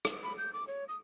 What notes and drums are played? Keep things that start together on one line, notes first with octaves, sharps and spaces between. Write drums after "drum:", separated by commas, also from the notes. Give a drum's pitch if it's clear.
drum: rim click
B5
G6
D6
C#5
D#6